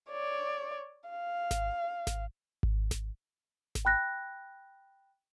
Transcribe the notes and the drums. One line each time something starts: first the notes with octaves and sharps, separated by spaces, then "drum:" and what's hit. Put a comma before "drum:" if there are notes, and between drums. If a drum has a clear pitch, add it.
C#5 D5
F5
drum: snare G#1
drum: snare G#1
drum: kick G#1
drum: snare G#1
drum: snare G#1
G5 B5 F#6 A#6